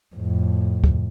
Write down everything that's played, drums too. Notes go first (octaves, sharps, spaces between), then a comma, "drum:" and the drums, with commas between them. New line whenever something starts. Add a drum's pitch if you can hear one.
F2 A2
drum: kick